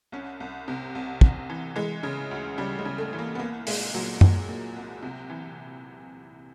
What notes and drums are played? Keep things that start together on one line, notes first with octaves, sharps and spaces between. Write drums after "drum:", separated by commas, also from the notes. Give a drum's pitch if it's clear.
C2 C#4
C2
C3
C2
C3, drum: kick
E3
E3 G#3
C#3
D2
C#3 G3
G#3
C#3
A3
E3
A#3
B3
C2 A#3
A#2 G#3, drum: open hi-hat
A#2 F#3
A#2, drum: tom F#2
A#2
C2
C3
E3